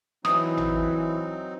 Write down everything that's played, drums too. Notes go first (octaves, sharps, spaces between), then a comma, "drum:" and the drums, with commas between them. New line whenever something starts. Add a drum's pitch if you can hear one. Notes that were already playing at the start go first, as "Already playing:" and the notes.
E3 F#3 C4 D#4 D#6, drum: rim click
drum: tom G#1